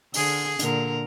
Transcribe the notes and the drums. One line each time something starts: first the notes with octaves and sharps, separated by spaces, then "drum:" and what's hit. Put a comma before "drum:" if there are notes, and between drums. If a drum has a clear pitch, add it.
D3 G#4, drum: open hi-hat
A#2 D3 A#4, drum: hi-hat